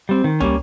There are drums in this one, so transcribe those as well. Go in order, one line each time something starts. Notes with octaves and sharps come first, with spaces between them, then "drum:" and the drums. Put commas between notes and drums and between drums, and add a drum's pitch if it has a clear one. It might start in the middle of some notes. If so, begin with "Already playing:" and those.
G3 C4
D#3
G3 A#3 C#4, drum: tom